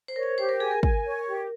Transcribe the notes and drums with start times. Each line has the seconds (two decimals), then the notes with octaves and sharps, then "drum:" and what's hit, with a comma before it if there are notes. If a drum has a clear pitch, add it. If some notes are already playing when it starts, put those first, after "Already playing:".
0.08 C5
0.16 A#4 C#5
0.23 C5
0.38 G4 C5
0.49 A#4
0.60 G#4 G#5
0.71 A#4
0.83 G#5, drum: kick
1.05 C#5
1.28 G4